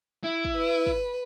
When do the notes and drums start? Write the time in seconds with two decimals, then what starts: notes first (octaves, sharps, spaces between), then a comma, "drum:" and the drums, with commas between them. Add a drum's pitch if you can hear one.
0.24 E4
0.45 drum: kick
0.57 B4
0.87 drum: kick